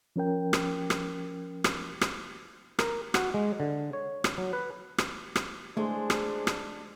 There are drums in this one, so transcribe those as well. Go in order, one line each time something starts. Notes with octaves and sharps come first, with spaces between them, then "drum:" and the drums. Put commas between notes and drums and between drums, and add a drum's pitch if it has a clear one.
F3 C#4 A#4 G5
drum: rim click
drum: rim click
drum: rim click
drum: rim click
A#4, drum: rim click
F#4, drum: rim click
G#3
D3
C#5
drum: rim click
F#3
B4
drum: rim click
drum: rim click
G#3 A3 D4 G#4 C5
drum: rim click
drum: rim click